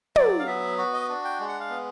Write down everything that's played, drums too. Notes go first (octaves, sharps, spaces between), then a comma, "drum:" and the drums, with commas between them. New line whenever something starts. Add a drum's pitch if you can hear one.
F#3 D5, drum: tom
F5
B3 E5
F#4
D#5
D4
G5
G#3
F#5
F5
B3